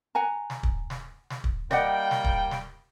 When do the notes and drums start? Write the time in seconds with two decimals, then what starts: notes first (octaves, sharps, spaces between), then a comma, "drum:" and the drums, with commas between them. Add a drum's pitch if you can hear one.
0.15 F#5 G#5 A#5
0.50 drum: snare
0.63 drum: kick
0.90 drum: snare
1.30 drum: snare
1.44 drum: kick
1.71 G3 A#3 D5 D#5 F#5 G5, drum: snare
2.11 drum: snare
2.24 drum: kick
2.51 drum: snare